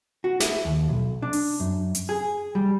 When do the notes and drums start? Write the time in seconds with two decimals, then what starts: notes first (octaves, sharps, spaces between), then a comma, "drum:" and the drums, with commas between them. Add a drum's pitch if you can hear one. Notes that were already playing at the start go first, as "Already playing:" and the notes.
0.24 F#4
0.40 E4, drum: snare
0.65 D#2
0.89 B1
1.22 D4
1.33 drum: open hi-hat
1.60 F#2
1.95 drum: hi-hat
2.09 G#4
2.55 G3